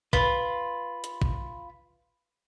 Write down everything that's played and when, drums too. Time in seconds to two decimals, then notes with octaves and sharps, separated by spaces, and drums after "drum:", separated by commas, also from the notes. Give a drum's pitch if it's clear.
0.13 F4 B4 B5, drum: kick
1.04 drum: hi-hat
1.22 drum: kick